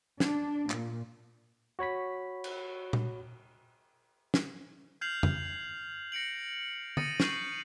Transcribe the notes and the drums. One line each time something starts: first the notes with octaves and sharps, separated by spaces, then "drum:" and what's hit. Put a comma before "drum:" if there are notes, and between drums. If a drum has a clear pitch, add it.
D4, drum: snare
A#2, drum: clap
F#4 C#5 B5 B6
drum: cymbal
drum: tom A#2
drum: snare
F6 G6 G#6 C7 F7 F#7
drum: tom F2
A#6 C#7 D7 F#7
D#6 A6 A#6 C#7 D#7, drum: tom D3
C#6 G6 C7 F#7, drum: snare